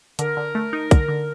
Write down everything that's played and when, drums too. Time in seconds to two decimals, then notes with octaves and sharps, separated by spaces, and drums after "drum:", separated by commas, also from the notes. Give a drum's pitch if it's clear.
0.19 D3 A#4, drum: hi-hat
0.37 D3
0.55 A3
0.73 D#4
0.91 D3, drum: kick, hi-hat
1.08 D3